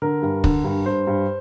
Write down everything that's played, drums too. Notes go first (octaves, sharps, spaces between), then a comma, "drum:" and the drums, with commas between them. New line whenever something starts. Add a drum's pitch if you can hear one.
D3 A#4
G2
D3, drum: kick
G2
G2 C5
G2